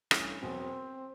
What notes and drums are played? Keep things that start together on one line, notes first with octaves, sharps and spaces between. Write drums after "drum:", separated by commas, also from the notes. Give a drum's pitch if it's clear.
G2 E3 A3 C#4 E4, drum: rim click
E1 E2 B2 F#3 C4